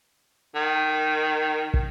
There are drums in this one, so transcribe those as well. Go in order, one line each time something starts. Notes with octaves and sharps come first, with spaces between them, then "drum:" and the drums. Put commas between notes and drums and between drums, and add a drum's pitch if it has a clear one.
D#3
drum: kick